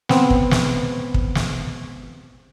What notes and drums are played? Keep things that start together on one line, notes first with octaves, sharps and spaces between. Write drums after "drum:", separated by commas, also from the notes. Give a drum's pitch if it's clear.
B3 C4, drum: snare
drum: kick
drum: snare
drum: kick
drum: snare